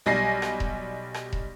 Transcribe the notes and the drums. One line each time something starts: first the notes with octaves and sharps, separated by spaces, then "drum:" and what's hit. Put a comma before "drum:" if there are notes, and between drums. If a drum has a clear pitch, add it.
B1 G3 G#5 A#6 C7
drum: rim click
drum: kick E1
drum: rim click
drum: kick E1